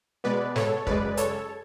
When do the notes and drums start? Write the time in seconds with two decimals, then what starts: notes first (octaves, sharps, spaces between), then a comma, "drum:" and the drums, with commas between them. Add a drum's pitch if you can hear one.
0.24 B2 G#3 B3 B4 D5
0.56 A4 C#5, drum: snare
0.87 F#2 C#3 G#3 B4 D5, drum: kick
1.17 A4 C#5, drum: hi-hat